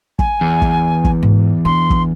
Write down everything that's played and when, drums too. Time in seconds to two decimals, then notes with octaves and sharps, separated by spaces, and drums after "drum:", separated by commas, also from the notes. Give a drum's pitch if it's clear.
0.19 G#5, drum: kick
0.41 E2
0.62 drum: kick
1.05 drum: kick
1.23 G#2
1.65 D4 C6
1.90 drum: kick